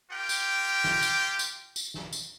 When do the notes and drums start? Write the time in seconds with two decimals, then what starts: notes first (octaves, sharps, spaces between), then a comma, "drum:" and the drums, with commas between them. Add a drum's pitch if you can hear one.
0.11 F4 G4 A#4 G5
0.29 drum: tambourine
0.84 drum: snare
1.03 drum: tambourine
1.39 drum: tambourine
1.76 drum: tambourine
1.94 drum: snare
2.13 drum: tambourine